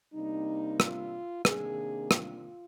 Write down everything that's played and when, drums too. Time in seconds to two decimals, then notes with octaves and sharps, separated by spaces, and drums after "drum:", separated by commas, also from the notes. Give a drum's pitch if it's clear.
0.14 C3 G3 A#3 D4 D#4
0.80 F4, drum: rim click
1.45 C3 D#3 A#3 D4 G#4, drum: rim click
2.11 F4, drum: rim click